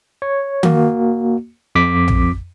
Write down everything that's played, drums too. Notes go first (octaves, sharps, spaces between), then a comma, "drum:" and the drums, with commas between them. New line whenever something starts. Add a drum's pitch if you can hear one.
C#5
A#3 F#4, drum: tom D#3
F2 D6 B6
drum: tom A#1